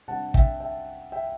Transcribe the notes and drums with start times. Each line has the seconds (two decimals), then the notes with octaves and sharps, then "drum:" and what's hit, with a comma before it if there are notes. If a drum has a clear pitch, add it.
0.08 C3 G3 D4 F#5 A5
0.34 E5 G5, drum: kick
0.60 E5 G5
1.12 E5 G5